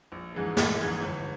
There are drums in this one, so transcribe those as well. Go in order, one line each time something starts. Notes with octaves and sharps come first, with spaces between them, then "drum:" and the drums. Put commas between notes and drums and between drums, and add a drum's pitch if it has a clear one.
A#1
G#2 E3 G#3
A#1, drum: snare
G#2 E3 G#3
G1